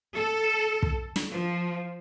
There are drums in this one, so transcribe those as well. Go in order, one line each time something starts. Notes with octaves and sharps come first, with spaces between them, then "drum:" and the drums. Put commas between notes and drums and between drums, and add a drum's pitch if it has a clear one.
A4
drum: kick
drum: snare
F3